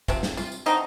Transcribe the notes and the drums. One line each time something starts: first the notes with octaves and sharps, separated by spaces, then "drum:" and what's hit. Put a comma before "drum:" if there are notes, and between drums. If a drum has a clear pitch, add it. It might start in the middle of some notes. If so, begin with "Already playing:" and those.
C3 F3 C4, drum: kick, tambourine
drum: snare
F4, drum: tambourine
drum: tambourine
D3 A3 C4 D#4, drum: tambourine